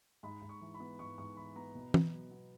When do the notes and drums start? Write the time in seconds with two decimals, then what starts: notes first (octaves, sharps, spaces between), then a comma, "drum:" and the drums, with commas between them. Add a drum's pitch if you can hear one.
0.23 G#2 B5
0.42 G#2
0.49 C#6
0.61 E3
0.74 B5
0.80 B3
0.99 G#2 C#6
1.18 G#2 C#6
1.37 E3 B5
1.56 B3 A#5
1.75 B2
1.94 B2, drum: tom
2.13 F#3
2.31 B3